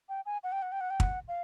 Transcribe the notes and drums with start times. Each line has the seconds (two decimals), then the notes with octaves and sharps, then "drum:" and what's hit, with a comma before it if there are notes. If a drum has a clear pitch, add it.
0.09 G5
0.26 G#5
0.43 F#5
0.52 G5
0.62 F#5
0.72 G5
0.81 F#5
0.90 G5
1.00 F#5, drum: kick
1.28 F5